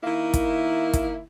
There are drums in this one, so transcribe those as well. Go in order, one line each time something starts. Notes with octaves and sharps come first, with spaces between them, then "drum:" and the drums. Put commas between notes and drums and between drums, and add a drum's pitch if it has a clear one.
D#3 A#3 E4
drum: kick, hi-hat
drum: kick, hi-hat